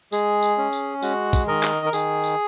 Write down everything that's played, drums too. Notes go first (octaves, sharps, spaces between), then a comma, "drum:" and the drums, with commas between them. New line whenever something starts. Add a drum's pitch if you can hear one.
G#3 G#4, drum: tambourine
drum: tambourine
C#4
drum: tambourine
G#3 F#4, drum: tambourine
drum: kick, tambourine
D#3 A#4 D#5
drum: clap
A#4
D#3 G#4, drum: tambourine
drum: tambourine